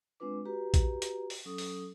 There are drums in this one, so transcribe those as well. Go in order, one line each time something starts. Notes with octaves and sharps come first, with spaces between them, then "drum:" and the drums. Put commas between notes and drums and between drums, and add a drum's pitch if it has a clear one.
G#3 C4 D4 F4 B4 D6
F#4 G4 B4 A#5
drum: kick A#1, hi-hat
drum: hi-hat
drum: open hi-hat
F#3 C#4 A4 D#6
drum: open hi-hat